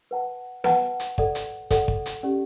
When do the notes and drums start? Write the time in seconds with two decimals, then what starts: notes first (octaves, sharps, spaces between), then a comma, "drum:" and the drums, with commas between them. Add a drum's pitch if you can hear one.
0.11 B4 F#5 A5
0.64 B4 F#5 A5, drum: snare
1.00 drum: hi-hat
1.18 A4 D5 F#5, drum: kick
1.35 drum: hi-hat
1.71 A4 D5 F#5, drum: kick, hi-hat
1.88 drum: kick
2.06 drum: hi-hat
2.23 C#4 G4 D5